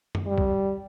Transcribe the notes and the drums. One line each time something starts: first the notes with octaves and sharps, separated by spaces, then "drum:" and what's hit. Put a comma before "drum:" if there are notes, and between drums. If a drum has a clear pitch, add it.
drum: tom F#2
G3
drum: kick C2